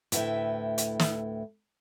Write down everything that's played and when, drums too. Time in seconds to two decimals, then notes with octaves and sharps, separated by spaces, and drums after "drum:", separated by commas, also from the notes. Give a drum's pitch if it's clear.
0.12 D2 A2 E4 B4 E5 G5, drum: hi-hat
0.78 drum: hi-hat
1.00 drum: snare